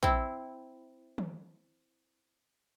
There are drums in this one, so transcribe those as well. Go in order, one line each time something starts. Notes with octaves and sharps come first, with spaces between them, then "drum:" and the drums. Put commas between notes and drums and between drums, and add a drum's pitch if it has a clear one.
C4 E4, drum: kick
drum: tom